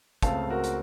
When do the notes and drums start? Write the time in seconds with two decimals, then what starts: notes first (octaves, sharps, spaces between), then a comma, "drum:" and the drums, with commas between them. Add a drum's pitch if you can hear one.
0.22 C#2 C#3 A3 C4 F5 A5, drum: kick, hi-hat
0.50 F#4 A#4
0.64 drum: hi-hat